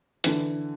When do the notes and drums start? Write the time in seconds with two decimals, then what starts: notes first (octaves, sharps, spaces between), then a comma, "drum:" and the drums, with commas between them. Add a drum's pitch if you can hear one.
0.24 D3 E3, drum: hi-hat